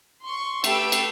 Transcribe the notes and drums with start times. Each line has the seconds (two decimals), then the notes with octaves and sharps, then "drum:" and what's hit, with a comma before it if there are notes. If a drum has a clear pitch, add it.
0.23 C6 C#6
0.64 A3 G4 B4 G5 E6 D7, drum: cymbal
0.92 drum: cymbal